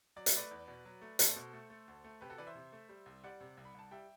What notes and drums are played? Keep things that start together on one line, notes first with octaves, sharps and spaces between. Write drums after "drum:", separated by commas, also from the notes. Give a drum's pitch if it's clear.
F#3 D5
E5, drum: hi-hat
A3 B4 D5
E2
B2
F#3
A3
A3 A4 C5, drum: hi-hat
B2
A3
A3
D2
A3
C3 G4 B4
F#4 A4
E3 B4 D5
C5 E5
C3
A3
G3
C2
G3 D5 F#5
C3
C2
B5
C2 A5
G3 E5 G5